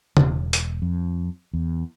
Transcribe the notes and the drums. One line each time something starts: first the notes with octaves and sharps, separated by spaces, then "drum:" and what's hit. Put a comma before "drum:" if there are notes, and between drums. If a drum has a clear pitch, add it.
E1, drum: tom C#3
drum: hi-hat
F2
E2